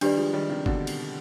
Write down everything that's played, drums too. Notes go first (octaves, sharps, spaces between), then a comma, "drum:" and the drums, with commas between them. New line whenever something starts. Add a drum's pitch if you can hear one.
D#3 G3 D4 G4 B4 D5, drum: cymbal
F3 G#3
D#3 G3
C3 D#3
B2 D3, drum: kick
drum: cymbal